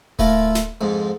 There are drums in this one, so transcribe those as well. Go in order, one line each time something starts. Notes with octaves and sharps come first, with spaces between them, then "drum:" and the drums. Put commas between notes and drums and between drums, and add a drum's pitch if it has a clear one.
A3 E4 F4 A#4, drum: kick D1
drum: snare
F2 G#2